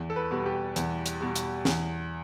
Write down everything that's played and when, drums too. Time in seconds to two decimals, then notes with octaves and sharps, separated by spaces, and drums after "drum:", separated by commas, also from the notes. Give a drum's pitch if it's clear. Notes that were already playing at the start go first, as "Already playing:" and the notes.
Already playing: E2
0.10 A4
0.16 B4
0.31 B2 G3
0.46 G4
0.76 E2, drum: hi-hat
1.06 drum: hi-hat
1.21 B2 G3
1.35 drum: hi-hat
1.65 E2, drum: snare